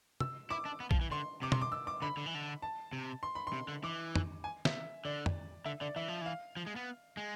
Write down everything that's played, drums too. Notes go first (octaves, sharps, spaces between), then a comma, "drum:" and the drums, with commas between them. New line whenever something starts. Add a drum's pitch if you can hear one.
E6, drum: tom
E4 D6
D4
B3
F3, drum: kick A#1
E3
D3 C6
C3 D6
C6, drum: tom
D6
E6
D6
D3 B5
D3
E3
D3
A5
C3
C6
B5
C6
C3
D3
E3 D6
drum: tom
G#5
E5, drum: snare
D3 D5
drum: tom
D3 E5
D3 D5
E3 E5
F3
E3 F5
F3
G#3
B3
G#3